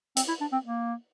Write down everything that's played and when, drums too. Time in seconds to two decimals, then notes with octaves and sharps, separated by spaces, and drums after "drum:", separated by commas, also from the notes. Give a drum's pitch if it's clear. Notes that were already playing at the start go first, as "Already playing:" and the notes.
0.17 C4, drum: hi-hat
0.28 E4
0.41 D4
0.52 C4
0.65 A#3